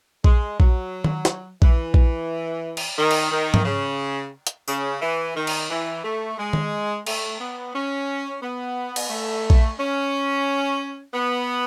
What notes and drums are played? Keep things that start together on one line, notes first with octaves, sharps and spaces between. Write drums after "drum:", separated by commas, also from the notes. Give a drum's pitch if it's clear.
G#3, drum: kick A#1
F#3, drum: kick A#1
drum: tom D#3
drum: snare
E3, drum: kick A#1
drum: kick A#1
drum: cymbal
D#3
drum: cymbal
D#3
drum: tom
C#3
drum: hi-hat
C#3, drum: tambourine
E3
D#3
drum: cymbal
E3
A3
G#3
drum: tom D#3
A3, drum: cymbal
B3
C#4
B3
drum: cymbal
A3
drum: kick A#1
C#4
B3